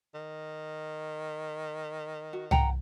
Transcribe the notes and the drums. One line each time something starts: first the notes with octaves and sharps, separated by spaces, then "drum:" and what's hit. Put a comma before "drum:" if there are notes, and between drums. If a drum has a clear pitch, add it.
D#3
F#4
F#5 G5 A#5, drum: tom